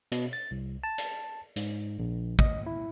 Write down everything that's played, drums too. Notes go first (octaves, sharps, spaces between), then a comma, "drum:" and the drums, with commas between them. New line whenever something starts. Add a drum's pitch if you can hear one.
B2, drum: hi-hat
A6
C2
A5
drum: hi-hat
G#2, drum: hi-hat
A#1
D#5, drum: kick
E4